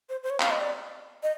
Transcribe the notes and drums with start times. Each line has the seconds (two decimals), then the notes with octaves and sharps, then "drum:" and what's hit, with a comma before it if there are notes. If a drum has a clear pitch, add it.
0.09 C5
0.23 C5
0.30 C#5
0.40 F5, drum: clap
0.50 D#5
0.60 D5
1.23 D#5